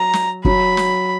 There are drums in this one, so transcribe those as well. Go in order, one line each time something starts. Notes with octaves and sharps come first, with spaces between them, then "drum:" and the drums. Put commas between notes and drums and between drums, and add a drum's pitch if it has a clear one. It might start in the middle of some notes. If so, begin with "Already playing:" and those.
Already playing: F#3 A#5
drum: snare
F#3 B5, drum: kick
drum: snare